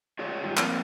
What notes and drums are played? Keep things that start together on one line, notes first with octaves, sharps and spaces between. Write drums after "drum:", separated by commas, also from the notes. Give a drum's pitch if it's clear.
F4 G#4 C#5 D5
G#2 D#3 G3 F4 G4
F3 A#3 C4 F4, drum: clap